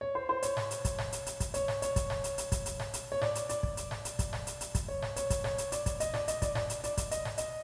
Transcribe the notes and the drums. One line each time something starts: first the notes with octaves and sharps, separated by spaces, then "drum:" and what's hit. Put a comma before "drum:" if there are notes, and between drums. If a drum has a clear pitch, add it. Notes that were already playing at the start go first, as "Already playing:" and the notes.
C#5
C5
C5
C#5, drum: hi-hat
drum: snare G#2
drum: hi-hat
drum: kick, hi-hat
drum: snare G#2
drum: hi-hat
drum: hi-hat
drum: kick, hi-hat
C#5, drum: hi-hat
drum: snare G#2
C#5, drum: hi-hat
drum: kick, hi-hat
drum: snare G#2
drum: hi-hat
drum: hi-hat
drum: kick, hi-hat
drum: hi-hat
drum: snare G#2
drum: hi-hat
C#5
D5, drum: snare G#2
drum: hi-hat
D5, drum: hi-hat
drum: kick
drum: hi-hat
drum: snare G#2
drum: hi-hat
drum: kick, hi-hat
drum: snare G#2
drum: hi-hat
drum: hi-hat
drum: kick, hi-hat
C#5
drum: snare G#2
C#5, drum: hi-hat
drum: kick, hi-hat
C#5, drum: snare G#2
drum: hi-hat
D5, drum: hi-hat
drum: kick, hi-hat
D#5, drum: hi-hat
D5, drum: snare G#2
D#5, drum: hi-hat
D5, drum: kick, hi-hat
D5, drum: snare G#2
drum: hi-hat
D5, drum: hi-hat
drum: kick, hi-hat
D#5, drum: hi-hat
drum: snare G#2
D#5, drum: hi-hat